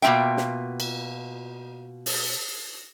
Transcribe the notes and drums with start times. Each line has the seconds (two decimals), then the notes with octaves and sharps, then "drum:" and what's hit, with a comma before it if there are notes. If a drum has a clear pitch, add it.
0.02 B2 A#3 F4 E5 G5
0.37 drum: snare
0.80 drum: cymbal
2.06 drum: open hi-hat